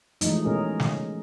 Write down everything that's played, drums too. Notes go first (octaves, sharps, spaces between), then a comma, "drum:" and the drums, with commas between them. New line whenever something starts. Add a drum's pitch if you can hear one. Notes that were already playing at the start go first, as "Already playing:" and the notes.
E3 F3 G#3 A3 D#4, drum: hi-hat
B2 G#3 C#4 G#4 A#4
drum: snare